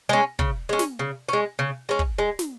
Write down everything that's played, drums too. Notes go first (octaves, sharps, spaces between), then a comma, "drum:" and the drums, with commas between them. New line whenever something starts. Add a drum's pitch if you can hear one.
G#3 C#4
C#3, drum: kick
G#3 C#4
drum: snare
C#3
G#3 C#4
C#3
G#3 C#4
drum: kick
G#3
drum: snare